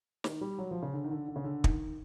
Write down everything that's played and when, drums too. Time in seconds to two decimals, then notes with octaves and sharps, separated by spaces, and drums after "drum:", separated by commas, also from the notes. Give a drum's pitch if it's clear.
0.24 D#3, drum: snare
0.41 G3
0.58 F#3
0.71 F3
0.82 C#3
0.94 D3
1.04 D#3
1.11 D3
1.28 D3
1.36 C#3
1.44 D3
1.64 D#3, drum: kick